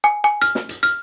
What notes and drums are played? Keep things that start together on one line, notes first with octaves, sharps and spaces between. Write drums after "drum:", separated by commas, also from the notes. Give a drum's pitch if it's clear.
G#5
G#5
F6, drum: hi-hat
drum: snare
drum: hi-hat
F6, drum: hi-hat